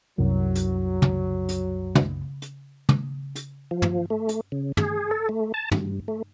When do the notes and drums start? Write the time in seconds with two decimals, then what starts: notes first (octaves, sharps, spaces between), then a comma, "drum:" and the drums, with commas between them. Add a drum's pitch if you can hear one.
0.18 C2 F#2 F#3
0.55 drum: hi-hat
1.02 drum: tom
1.49 drum: hi-hat
1.95 drum: tom
2.42 drum: hi-hat
2.89 drum: tom
3.35 drum: hi-hat
3.71 F3
3.82 drum: tom
4.10 A3
4.29 drum: hi-hat
4.52 C#3
4.77 G#4, drum: tom
5.11 A4
5.29 A3
5.54 A5
5.72 G2, drum: tom
6.08 A3